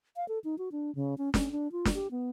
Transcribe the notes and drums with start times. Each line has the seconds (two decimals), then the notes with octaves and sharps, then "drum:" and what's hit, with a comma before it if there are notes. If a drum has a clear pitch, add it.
0.16 F5
0.28 A4
0.44 D#4
0.58 F#4
0.72 D4
0.95 C#3
1.18 C#4
1.34 C#4, drum: snare
1.52 D4
1.72 F4
1.85 drum: snare
1.95 G4
2.11 B3